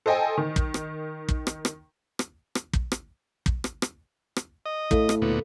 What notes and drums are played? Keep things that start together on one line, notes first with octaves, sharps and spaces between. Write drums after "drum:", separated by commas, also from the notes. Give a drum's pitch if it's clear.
A4 C5 D#5 G5 G#5
D#3
drum: kick
drum: rim click
drum: kick
drum: rim click
drum: rim click
drum: rim click
drum: rim click
drum: kick
drum: rim click
drum: kick
drum: rim click
drum: rim click
drum: rim click
D#5
A2 A4 F5, drum: kick
drum: rim click
D2 A#2 B3